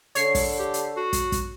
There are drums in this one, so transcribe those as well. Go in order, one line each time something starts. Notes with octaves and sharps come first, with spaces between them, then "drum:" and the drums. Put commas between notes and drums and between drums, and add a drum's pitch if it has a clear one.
D3 A4 C#5 C7, drum: hi-hat
drum: kick, open hi-hat
G4
drum: hi-hat
F#4
drum: kick, hi-hat
drum: kick, hi-hat